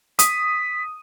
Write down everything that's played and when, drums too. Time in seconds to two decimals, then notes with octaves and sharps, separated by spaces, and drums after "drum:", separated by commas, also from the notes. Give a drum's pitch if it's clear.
0.19 D#6 B6, drum: hi-hat